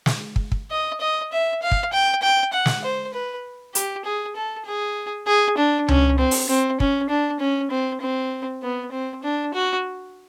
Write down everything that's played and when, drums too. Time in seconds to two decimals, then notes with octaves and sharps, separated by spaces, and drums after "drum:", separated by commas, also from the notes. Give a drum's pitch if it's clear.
0.06 drum: snare
0.36 drum: kick
0.52 drum: kick
0.71 D#5
1.00 D#5
1.32 E5
1.62 F5
1.72 drum: kick
1.93 G5
2.22 G5
2.53 F#5
2.66 drum: snare
2.84 C5
3.14 B4
3.75 G4, drum: hi-hat
4.05 G#4
4.36 A4
4.66 G#4
5.27 G#4
5.58 D4
5.88 C#4, drum: tom C#2
6.19 C4
6.31 drum: open hi-hat
6.49 C4
6.80 C#4, drum: kick
7.09 D4
7.40 C#4
7.71 C4
8.01 C4
8.63 B3
8.92 C4
9.23 D4
9.54 F#4